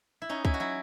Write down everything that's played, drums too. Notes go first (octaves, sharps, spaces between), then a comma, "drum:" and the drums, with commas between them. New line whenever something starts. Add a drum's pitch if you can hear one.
E4
C#4 D#4
C#4 E4, drum: kick C#2
F#4
F#3 E4